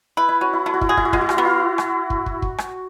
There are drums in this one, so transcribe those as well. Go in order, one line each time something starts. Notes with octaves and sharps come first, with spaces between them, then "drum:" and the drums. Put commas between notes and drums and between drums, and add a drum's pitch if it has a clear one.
E4 B4
E4
C#4 F#4
E4
A3 E4
F#4
E4, drum: kick
F#4 G#4
E4, drum: kick
F#4
G#3 E4, drum: kick
F#4
E4, drum: rim click
B3 F#4
E4
drum: rim click
drum: kick
drum: kick
drum: kick
drum: rim click